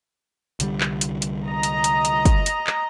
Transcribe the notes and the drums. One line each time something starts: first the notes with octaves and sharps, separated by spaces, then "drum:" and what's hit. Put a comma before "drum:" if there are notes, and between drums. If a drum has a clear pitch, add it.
C2 D3 G3, drum: hi-hat
drum: clap
drum: hi-hat
drum: hi-hat
D#5 A#5
drum: hi-hat
drum: hi-hat
drum: hi-hat
drum: kick, hi-hat
drum: hi-hat
drum: clap